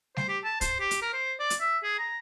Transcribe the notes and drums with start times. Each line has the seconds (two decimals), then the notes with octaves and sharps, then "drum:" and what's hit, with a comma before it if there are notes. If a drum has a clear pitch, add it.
0.16 C5, drum: snare G3
0.28 G4
0.44 A5
0.61 C5, drum: kick, hi-hat
0.80 G4
0.91 drum: hi-hat
1.02 A#4
1.13 C5
1.40 D5
1.50 drum: hi-hat
1.61 E5
1.83 G#4
1.99 A#5